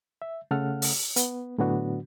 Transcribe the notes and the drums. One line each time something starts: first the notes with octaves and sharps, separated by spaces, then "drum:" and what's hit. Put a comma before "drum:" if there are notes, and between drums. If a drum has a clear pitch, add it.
E5
C#3 A3 A4 F#5 F6
drum: open hi-hat
B3, drum: hi-hat
A2 D3 F#3 B3 D4 F#4